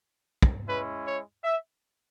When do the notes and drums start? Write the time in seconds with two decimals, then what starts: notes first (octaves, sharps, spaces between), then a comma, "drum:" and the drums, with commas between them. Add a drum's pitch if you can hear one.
0.42 drum: kick
0.68 G#3 C#4 E4 B4
1.05 C#5
1.44 E5